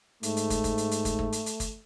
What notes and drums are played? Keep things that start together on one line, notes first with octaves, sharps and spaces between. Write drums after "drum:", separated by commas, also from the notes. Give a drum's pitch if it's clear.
G#2 A3, drum: hi-hat
drum: hi-hat
drum: kick, hi-hat
drum: kick, hi-hat
drum: hi-hat
drum: hi-hat
drum: kick, hi-hat
drum: kick
drum: hi-hat
drum: hi-hat
drum: kick, hi-hat